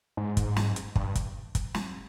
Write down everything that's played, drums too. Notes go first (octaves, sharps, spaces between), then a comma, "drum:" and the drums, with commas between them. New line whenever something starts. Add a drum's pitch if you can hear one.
G#2
drum: kick, hi-hat
drum: snare
drum: hi-hat
G2, drum: kick
drum: kick, hi-hat
drum: kick, hi-hat
drum: snare